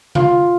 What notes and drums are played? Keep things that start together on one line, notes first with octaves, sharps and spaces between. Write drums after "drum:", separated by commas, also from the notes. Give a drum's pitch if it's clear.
F4, drum: tom C3